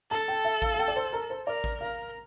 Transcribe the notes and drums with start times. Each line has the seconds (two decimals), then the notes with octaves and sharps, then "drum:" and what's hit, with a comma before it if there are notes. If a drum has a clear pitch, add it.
0.11 A4 A5
0.28 G5
0.45 E5
0.62 F5, drum: kick A1
0.74 F5
0.79 G5
0.88 D5
0.96 C5
1.13 A#4
1.30 C5
1.47 A#4 D5
1.64 drum: kick A1
1.81 A#4 F5